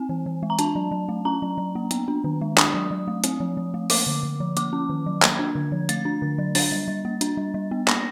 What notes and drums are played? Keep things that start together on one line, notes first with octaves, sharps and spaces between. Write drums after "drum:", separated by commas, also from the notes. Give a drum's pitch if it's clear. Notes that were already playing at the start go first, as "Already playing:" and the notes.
Already playing: C4 G#5
E3
E3
G#3
A#5
D4 A5, drum: hi-hat
F#3
F#3
A3
C#4 A#5
F#3
F#3
A#3
B3, drum: hi-hat
D4
D#3
G#3
D4 D#6, drum: clap
F#3
F#3
A3
C4, drum: hi-hat
F3
F3
A3
A#3 D6, drum: open hi-hat
D3
D3
F3
A#3 D6, drum: hi-hat
C#4
D#3
F#3
A#3 G#6, drum: clap
D4
D3
F3
A3 A6, drum: hi-hat
D4
D3
F#3
D4 A6, drum: open hi-hat
G3
G3
A#3
D4, drum: hi-hat
G3
G3
B3
A#3 A#6, drum: clap